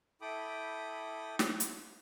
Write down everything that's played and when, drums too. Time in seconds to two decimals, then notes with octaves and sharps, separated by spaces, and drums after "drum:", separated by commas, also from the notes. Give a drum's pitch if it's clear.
0.21 E4 A4 G5 B5 D6 D#6
1.39 drum: snare
1.60 drum: hi-hat